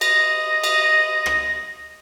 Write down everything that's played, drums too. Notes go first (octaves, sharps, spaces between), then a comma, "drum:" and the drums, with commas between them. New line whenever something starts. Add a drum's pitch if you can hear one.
D#5 A#6, drum: cymbal
drum: cymbal
drum: rim click